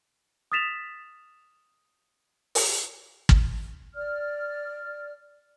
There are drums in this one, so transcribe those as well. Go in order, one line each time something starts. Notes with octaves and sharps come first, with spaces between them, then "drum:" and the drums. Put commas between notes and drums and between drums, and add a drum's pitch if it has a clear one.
D#6 F6 A6 B6 E7 F7
drum: open hi-hat
drum: kick
D5 F6